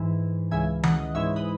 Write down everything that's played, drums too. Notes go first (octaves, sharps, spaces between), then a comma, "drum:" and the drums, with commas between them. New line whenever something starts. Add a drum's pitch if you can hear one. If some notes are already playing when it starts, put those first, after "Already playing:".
Already playing: G#2 E3
C#2 C#3 E3 E5 G#5
D#5 F#5, drum: tom D#3
G#2 E3 C#5 E5
B4 D#5